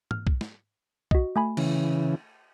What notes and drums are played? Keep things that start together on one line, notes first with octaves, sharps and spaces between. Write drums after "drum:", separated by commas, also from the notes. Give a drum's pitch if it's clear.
F6, drum: tom G#2
drum: kick B1
drum: snare
F#4 D#5, drum: kick B1
A3 G#5 B5
C#3 E3, drum: cymbal